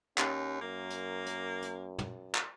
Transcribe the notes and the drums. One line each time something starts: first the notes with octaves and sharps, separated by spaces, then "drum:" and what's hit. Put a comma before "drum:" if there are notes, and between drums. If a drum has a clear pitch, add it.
D#2 C#4, drum: clap
F#2 A#3
drum: hi-hat
drum: hi-hat
drum: hi-hat
drum: tom
drum: clap